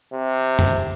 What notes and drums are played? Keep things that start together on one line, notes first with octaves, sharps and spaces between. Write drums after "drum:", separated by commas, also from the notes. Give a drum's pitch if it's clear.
C3
drum: tom F#2